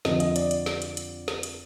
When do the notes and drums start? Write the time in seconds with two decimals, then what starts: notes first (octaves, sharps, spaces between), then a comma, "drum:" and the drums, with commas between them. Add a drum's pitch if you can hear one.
0.05 F2 D3 F3 C4 D#5, drum: snare
0.20 D#5, drum: hi-hat
0.36 D5, drum: hi-hat
0.51 drum: hi-hat
0.66 drum: snare
0.82 drum: hi-hat
0.97 drum: hi-hat
1.28 drum: snare
1.43 drum: hi-hat